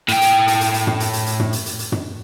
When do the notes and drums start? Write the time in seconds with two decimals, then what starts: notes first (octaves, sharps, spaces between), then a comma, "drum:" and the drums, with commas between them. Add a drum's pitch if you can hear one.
0.08 A2 G5, drum: hi-hat
0.21 drum: hi-hat
0.48 drum: hi-hat
0.61 drum: hi-hat
0.74 drum: hi-hat
0.87 drum: tom
1.00 drum: hi-hat
1.13 drum: hi-hat
1.26 drum: hi-hat
1.40 drum: tom
1.53 drum: hi-hat
1.66 drum: hi-hat
1.79 drum: hi-hat
1.92 drum: tom